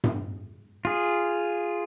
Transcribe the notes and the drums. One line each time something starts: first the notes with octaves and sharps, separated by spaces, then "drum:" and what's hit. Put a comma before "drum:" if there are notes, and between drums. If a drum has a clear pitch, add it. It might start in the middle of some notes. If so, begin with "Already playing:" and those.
drum: tom G2
F4 G#4